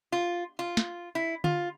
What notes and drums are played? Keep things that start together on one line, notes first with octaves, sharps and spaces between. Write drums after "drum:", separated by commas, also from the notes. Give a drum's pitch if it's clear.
F4
F4
drum: snare
E4
F4, drum: tom D3